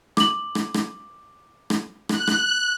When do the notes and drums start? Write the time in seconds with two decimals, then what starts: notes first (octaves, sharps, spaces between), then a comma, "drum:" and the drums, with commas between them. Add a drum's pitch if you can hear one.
0.17 D6 F#7, drum: rim click
0.55 drum: rim click
0.74 drum: rim click
1.70 drum: rim click
2.09 F#6, drum: rim click
2.27 drum: rim click